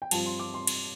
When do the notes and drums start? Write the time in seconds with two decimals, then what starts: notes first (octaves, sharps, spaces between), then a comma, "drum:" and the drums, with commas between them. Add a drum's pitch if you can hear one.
0.02 G5
0.11 G2 F3 C4 F4 A5, drum: cymbal
0.26 C6
0.40 D6
0.54 C6
0.67 drum: cymbal